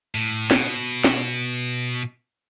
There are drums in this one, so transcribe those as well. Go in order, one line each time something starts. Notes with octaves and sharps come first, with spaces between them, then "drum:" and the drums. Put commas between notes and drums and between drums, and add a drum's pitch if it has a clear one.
A2
drum: open hi-hat
B2, drum: snare
drum: snare